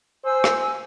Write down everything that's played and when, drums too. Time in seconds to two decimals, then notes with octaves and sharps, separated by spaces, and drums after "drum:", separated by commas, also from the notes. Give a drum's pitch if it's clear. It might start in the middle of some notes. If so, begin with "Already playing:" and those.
0.25 C5 G#5 E6
0.44 drum: rim click